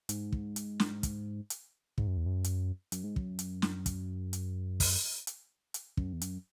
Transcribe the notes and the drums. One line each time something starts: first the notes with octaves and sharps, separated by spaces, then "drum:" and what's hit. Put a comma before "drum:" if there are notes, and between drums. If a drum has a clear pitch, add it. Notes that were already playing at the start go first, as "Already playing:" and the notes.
G#2, drum: hi-hat
drum: kick
drum: hi-hat
drum: snare
drum: kick, hi-hat
drum: hi-hat
G#2, drum: kick
F#2
E2
F#2
drum: hi-hat
F#2, drum: hi-hat
G#2
F#2, drum: kick
drum: hi-hat
drum: snare
drum: kick, hi-hat
drum: hi-hat
drum: kick, open hi-hat
drum: hi-hat
drum: hi-hat
F#2, drum: kick
E2
F#2, drum: hi-hat